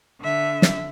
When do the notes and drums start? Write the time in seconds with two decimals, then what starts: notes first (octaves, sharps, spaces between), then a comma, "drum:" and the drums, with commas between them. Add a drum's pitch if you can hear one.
0.21 D3 E5
0.62 drum: snare